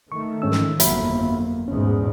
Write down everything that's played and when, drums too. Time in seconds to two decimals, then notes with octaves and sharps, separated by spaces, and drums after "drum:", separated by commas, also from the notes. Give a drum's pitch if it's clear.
0.12 D#3 A3 C#6
0.42 G#2 C#4 E6
0.52 drum: snare
0.80 G1 F2 F#3 A#3 E5 B5, drum: hi-hat
1.68 E2 G#2 B2 C#4